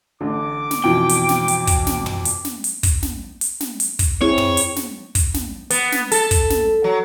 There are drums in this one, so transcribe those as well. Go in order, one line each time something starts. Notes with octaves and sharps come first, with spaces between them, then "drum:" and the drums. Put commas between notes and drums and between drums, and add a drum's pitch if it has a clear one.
A1 D3 D6
drum: snare
F2 B2 E3 G5
drum: hi-hat
drum: snare
drum: hi-hat
drum: kick, hi-hat
drum: snare
drum: tom
drum: hi-hat
drum: snare
drum: hi-hat
drum: kick, hi-hat
drum: snare
drum: hi-hat
drum: snare
drum: hi-hat
drum: kick, hi-hat
C4 E4 G#4 C#5
drum: tom
drum: hi-hat
drum: snare
drum: kick, hi-hat
drum: snare
B3, drum: hi-hat
drum: snare
A4, drum: hi-hat
drum: kick, hi-hat
drum: snare
F#3